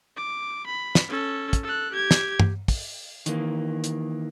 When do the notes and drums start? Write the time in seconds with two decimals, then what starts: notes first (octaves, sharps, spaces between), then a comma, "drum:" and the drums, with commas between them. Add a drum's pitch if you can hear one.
0.17 D6
0.66 B5
0.95 drum: snare
1.09 C#4 A4
1.53 drum: kick, hi-hat
1.63 A4 F#6
1.93 G4 G#6
2.11 drum: snare
2.40 drum: tom G2
2.68 drum: kick, open hi-hat
3.26 D#3 E3 A#3, drum: hi-hat
3.84 drum: hi-hat